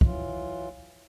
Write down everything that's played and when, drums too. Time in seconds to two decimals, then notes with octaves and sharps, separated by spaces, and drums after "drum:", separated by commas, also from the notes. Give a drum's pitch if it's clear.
0.01 E3 F#3 F4, drum: kick